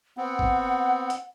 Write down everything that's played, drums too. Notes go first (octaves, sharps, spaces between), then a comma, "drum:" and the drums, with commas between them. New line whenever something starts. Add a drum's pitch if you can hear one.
B3 C4 F#5
drum: kick
drum: hi-hat